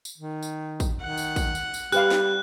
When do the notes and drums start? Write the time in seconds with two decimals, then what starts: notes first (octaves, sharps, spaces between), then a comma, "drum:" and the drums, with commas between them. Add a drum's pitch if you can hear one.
0.05 drum: tambourine
0.18 D#3
0.43 drum: tambourine
0.80 drum: kick, tambourine
1.02 D#3 F#5
1.17 drum: tambourine
1.36 drum: kick, tambourine
1.55 drum: tambourine
1.74 drum: tambourine
1.92 G3 G4 B4 F5 F#6, drum: tambourine
2.11 drum: snare